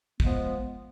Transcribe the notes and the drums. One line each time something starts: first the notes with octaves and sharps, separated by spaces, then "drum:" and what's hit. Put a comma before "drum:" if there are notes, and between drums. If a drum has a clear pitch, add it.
F3 G#3 B3, drum: kick